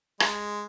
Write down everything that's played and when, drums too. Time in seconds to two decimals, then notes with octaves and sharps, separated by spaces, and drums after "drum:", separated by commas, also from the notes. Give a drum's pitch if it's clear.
0.20 G#3, drum: rim click